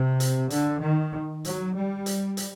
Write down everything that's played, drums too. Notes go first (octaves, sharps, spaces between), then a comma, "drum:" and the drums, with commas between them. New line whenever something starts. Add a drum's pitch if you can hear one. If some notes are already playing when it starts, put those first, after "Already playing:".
Already playing: C3
drum: hi-hat
D3, drum: hi-hat
D#3
F#3, drum: hi-hat
G3
drum: hi-hat
drum: hi-hat